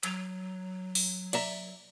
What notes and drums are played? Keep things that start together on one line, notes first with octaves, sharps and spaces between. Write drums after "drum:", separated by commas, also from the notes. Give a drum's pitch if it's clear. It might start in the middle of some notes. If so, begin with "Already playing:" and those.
F#3, drum: hi-hat
drum: open hi-hat
D5 E5 A#5, drum: cymbal